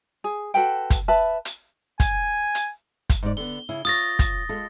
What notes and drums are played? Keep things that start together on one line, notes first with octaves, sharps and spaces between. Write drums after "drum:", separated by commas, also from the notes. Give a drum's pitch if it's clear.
G#4
F#4 A4 B4 G5
drum: kick, hi-hat
B4 E5 A5 B5
drum: hi-hat
G#5, drum: kick, hi-hat
drum: hi-hat
drum: kick, hi-hat
G#2 D5
D3 B3 G7
C#3 E4
F4 C#5 D#6 A6 A#6
drum: kick, hi-hat
G#3 F4 A4